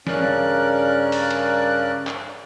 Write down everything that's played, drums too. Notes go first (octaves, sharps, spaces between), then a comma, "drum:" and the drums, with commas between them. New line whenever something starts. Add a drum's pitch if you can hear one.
G2 C#3 C#4 A#4 D5 F#6, drum: snare
drum: open hi-hat
drum: cymbal
drum: clap